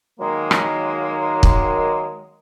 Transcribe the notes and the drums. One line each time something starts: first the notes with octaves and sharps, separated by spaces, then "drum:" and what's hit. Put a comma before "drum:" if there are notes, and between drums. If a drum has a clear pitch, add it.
D#3 F#3 G#3 A#3
drum: rim click
drum: kick